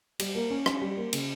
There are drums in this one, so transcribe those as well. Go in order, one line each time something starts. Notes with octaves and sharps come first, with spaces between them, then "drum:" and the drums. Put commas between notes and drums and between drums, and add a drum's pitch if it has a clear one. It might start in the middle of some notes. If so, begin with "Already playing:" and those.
G3, drum: cymbal
A#3
C#4
C#4, drum: rim click
G3
A#3
C#3, drum: cymbal